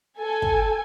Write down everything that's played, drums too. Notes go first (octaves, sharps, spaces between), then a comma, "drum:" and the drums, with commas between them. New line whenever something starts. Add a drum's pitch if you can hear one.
A4 G#5
drum: kick